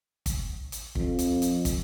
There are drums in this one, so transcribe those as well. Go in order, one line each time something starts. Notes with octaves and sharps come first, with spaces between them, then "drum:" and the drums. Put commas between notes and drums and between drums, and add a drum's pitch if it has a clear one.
drum: kick, hi-hat
drum: hi-hat
F2, drum: kick
drum: hi-hat
drum: hi-hat
drum: kick, hi-hat